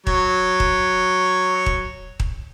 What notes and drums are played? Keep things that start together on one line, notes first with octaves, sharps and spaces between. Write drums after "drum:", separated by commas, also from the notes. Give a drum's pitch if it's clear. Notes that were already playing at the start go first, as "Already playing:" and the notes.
F#3 C#5, drum: kick D#1
drum: kick D#1
drum: kick D#1
drum: kick D#1